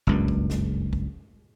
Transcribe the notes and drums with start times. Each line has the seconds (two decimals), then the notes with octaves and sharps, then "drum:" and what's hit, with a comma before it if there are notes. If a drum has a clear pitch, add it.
0.07 F#1 C#2 G2
0.28 drum: kick
0.50 drum: snare
0.93 drum: kick